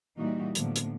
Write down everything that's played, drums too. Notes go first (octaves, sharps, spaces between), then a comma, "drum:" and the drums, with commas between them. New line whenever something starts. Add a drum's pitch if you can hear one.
A#2 E3 G3 D#4 F#4
A2 D3 F3 F#3 A#3 B3, drum: hi-hat
drum: hi-hat